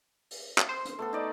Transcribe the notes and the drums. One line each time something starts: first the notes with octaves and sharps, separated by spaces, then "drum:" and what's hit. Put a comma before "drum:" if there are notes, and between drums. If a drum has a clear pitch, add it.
drum: open hi-hat
drum: clap
C5
drum: hi-hat
A3 B3 A4
D#4 D5